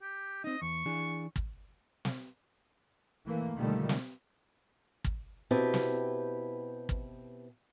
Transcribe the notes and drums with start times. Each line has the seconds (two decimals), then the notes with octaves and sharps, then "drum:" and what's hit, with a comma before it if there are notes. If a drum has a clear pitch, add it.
0.02 G4
0.44 C4 D#4 D#5
0.62 E2 C#6
0.86 E3 D4 G#4
1.36 drum: kick
2.05 drum: snare
3.26 E3 A3 A#3
3.56 B2 D3 D#3 F3 G3 A3
3.89 drum: snare
5.04 drum: kick
5.51 B2 C4 E4 G4 B4 A5
5.74 drum: snare
6.89 drum: kick